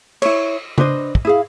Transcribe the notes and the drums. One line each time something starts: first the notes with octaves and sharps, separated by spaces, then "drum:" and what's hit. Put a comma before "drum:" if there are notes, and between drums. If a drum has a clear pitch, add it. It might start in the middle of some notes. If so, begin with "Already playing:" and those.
E4 C#5, drum: cymbal
D4 B4 C5 D#5, drum: tom C#3
drum: kick
E4 G#4 F5